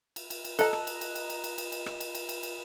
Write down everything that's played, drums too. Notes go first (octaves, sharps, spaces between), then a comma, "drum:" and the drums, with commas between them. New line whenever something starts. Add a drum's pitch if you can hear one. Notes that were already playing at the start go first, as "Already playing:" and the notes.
drum: cymbal
drum: cymbal
drum: cymbal
A4 D#5 A5 A#5 F#6, drum: cymbal
drum: rim click
drum: cymbal
drum: cymbal
drum: cymbal
drum: cymbal
drum: cymbal
drum: cymbal
drum: cymbal
drum: rim click
drum: cymbal
drum: cymbal
drum: cymbal
drum: cymbal